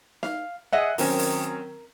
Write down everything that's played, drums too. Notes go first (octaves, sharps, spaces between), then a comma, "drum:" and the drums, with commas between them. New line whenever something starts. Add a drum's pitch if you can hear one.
F5, drum: snare D#4
G#4 D#5 E5 F#5
D#3 F#3 C4 C#4 A#4, drum: open hi-hat
drum: open hi-hat